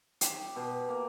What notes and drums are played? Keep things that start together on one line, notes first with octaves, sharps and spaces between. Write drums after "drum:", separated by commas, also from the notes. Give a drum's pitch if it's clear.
G4, drum: hi-hat
B2
A#3